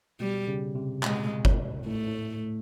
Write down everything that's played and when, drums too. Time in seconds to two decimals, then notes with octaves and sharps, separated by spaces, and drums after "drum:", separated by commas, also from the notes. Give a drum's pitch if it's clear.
0.20 B2 G3
0.48 C#3
0.75 C3
1.03 A#2 G#3, drum: clap
1.45 drum: kick G1
1.86 A2 A3
2.07 A2